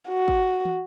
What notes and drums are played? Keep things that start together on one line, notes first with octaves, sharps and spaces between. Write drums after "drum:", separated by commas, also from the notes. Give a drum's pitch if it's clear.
F#4
drum: kick
drum: tom